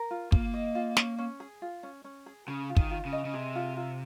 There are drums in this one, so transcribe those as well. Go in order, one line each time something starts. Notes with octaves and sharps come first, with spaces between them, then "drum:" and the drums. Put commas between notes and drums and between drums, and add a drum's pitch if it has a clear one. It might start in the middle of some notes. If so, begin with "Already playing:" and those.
Already playing: A#4
F4
A#3 F4, drum: kick
D#5
F4
C#4, drum: snare
C#4
G#4
F4
C#4
C#4
G#4
C#3 G#4
F4
D#3, drum: kick
F4
C#3
D#5
C#3
C3 G#4
F4
F4